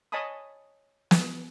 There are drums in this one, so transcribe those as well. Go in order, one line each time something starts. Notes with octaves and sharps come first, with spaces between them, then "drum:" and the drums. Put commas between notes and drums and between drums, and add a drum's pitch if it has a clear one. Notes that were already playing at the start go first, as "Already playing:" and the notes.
C#5 D#5 G#5 A5 B5 D#6
drum: snare